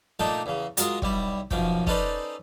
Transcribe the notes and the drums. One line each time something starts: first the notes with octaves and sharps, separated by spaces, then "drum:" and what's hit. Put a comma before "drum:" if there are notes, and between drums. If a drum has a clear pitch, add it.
A#2 A3 D4 D#4 A4 G5
E2 C#3
F#3 G#3 F4 A#4 D#5, drum: hi-hat
B1 G3 E4, drum: kick
B1 F#2 F3 G5, drum: kick
C#4 D#4 A4 B4 C5 D5, drum: kick